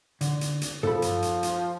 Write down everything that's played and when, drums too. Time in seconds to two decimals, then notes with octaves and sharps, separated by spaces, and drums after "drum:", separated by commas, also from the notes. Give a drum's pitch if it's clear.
0.21 D3, drum: hi-hat
0.41 drum: hi-hat
0.61 drum: hi-hat
0.83 F3 A4 B5, drum: tom
1.02 drum: hi-hat
1.22 drum: hi-hat
1.43 drum: hi-hat